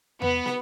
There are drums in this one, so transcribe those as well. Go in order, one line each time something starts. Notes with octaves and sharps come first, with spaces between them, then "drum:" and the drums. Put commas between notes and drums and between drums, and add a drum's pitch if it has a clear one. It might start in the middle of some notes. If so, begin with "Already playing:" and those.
B3, drum: tom E2
drum: snare